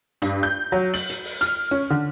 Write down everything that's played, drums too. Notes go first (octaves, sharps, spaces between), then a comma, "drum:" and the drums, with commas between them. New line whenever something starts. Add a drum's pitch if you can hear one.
G2, drum: hi-hat
G6
F#3
F#7, drum: open hi-hat
drum: hi-hat
drum: open hi-hat
F6, drum: hi-hat
C#4
D3